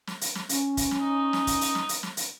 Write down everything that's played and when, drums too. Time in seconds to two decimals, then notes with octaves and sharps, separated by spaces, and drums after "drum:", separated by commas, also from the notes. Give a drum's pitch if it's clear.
0.07 drum: snare
0.21 drum: hi-hat
0.35 drum: snare
0.49 C#4, drum: hi-hat
0.77 drum: kick, hi-hat
0.91 drum: snare
1.00 D#4
1.33 drum: snare
1.47 drum: kick, hi-hat
1.61 drum: hi-hat
1.75 drum: snare
1.89 drum: hi-hat
2.03 drum: snare
2.17 drum: hi-hat